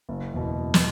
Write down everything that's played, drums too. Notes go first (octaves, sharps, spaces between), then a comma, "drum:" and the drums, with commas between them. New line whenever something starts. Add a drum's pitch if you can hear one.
F#1
E2 B2
F#1
drum: snare